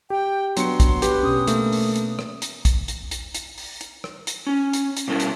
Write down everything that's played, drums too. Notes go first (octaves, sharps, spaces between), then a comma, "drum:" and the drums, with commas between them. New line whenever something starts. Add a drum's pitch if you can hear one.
G4 G5
F#3 B3 D4 C6 C#7, drum: hi-hat
drum: kick, hi-hat
G4 B4, drum: hi-hat
B2 C#4 D#6
A3 A#3, drum: hi-hat
drum: open hi-hat
drum: hi-hat
drum: rim click
drum: hi-hat
drum: kick, hi-hat
drum: hi-hat
drum: hi-hat
drum: hi-hat
drum: open hi-hat
drum: hi-hat
drum: rim click
drum: hi-hat
C#4
drum: hi-hat
drum: hi-hat
B2 G3 C#4 E4 A#4 A5
drum: hi-hat